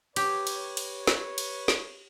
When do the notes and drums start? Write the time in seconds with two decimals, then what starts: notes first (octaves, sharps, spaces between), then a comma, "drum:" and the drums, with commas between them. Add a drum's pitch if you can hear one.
0.16 G4 B4 C#5, drum: cymbal
0.47 drum: cymbal
0.77 drum: cymbal
1.07 drum: snare
1.38 drum: cymbal
1.68 drum: snare